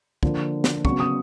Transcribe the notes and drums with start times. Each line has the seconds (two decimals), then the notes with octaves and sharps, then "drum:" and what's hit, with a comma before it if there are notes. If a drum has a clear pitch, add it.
0.23 D3 F3 A#3, drum: kick
0.64 drum: snare
0.85 C#3 F#3 B3 C#6, drum: kick
1.00 D#6